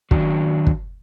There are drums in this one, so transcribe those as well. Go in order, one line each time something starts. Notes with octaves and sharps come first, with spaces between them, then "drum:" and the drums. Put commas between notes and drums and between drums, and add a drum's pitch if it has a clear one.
D#3 F#3 D4 F#4, drum: kick
drum: kick